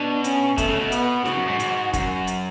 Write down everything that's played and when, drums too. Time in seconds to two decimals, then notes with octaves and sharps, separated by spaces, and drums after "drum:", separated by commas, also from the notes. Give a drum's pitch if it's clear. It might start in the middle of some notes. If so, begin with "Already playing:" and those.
Already playing: B2 D4
0.24 C#4, drum: hi-hat
0.58 B2 A3, drum: kick, hi-hat
0.68 C#3
0.80 B2
0.92 B3, drum: hi-hat
1.26 C#3 F#4, drum: snare
1.37 F#2
1.48 G#2
1.60 G#2, drum: hi-hat
1.93 F#2, drum: kick, hi-hat
2.27 drum: hi-hat